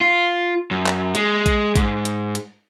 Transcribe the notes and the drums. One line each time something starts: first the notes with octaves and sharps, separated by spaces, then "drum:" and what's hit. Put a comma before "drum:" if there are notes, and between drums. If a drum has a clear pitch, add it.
F4
F#2
drum: clap
G#3, drum: hi-hat
drum: kick A#1, hi-hat
G#2, drum: kick A#1, hi-hat
drum: hi-hat
drum: hi-hat